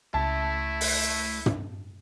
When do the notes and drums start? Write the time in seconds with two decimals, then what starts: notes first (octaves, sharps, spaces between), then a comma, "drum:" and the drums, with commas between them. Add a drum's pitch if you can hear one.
0.14 C#2 A3 E4 E5 A5
0.81 drum: open hi-hat
1.46 drum: tom